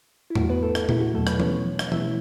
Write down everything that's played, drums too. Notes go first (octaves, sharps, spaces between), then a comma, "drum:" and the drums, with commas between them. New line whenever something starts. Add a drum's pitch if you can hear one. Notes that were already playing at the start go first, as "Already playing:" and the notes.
E4
E2 E3 A3 F#4, drum: tom G#2
B3 B4
A3 A4
drum: rim click
E4, drum: tom A#2
F#4
E2 B2 F#3 A3 A4
B3 B4, drum: rim click
C#4 C#5, drum: tom E3
drum: rim click
B2 A3 E4 E5, drum: tom E3